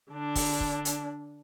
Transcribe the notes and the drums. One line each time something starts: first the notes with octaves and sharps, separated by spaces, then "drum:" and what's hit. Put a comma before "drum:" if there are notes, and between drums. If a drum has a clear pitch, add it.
D3 D4
drum: kick, open hi-hat
drum: kick
drum: hi-hat